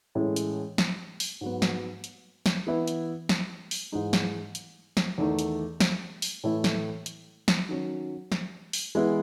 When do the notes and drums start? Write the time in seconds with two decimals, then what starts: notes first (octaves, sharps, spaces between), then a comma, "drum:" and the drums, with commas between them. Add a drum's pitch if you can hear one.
0.15 A2 E3 G#3 C#4 E4
0.36 drum: hi-hat
0.78 drum: snare
1.20 drum: open hi-hat
1.41 G#2 F#3 B3
1.62 drum: snare
2.04 drum: hi-hat
2.46 drum: snare
2.67 E3 B3 E4
2.88 drum: hi-hat
3.29 drum: snare
3.71 drum: open hi-hat
3.92 G#2 E3 G#3 D#4
4.13 drum: snare
4.55 drum: hi-hat
4.97 drum: snare
5.18 E2 D#3 A3 D#4
5.39 drum: hi-hat
5.80 drum: snare
6.22 drum: open hi-hat
6.44 A2 E3 A3 E4
6.64 drum: snare
7.06 drum: hi-hat
7.48 drum: snare
7.69 D#3 F#3 C#4
8.32 drum: snare
8.73 drum: open hi-hat
8.95 E3 G#3 B3 E4